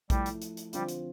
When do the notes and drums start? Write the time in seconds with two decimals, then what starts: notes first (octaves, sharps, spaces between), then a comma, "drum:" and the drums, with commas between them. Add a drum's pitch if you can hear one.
0.10 F3 G3 A3 E4, drum: kick A#1, hi-hat
0.26 drum: hi-hat
0.42 drum: hi-hat
0.57 drum: hi-hat
0.73 D3 F3 G3 C4 F4, drum: hi-hat
0.89 drum: hi-hat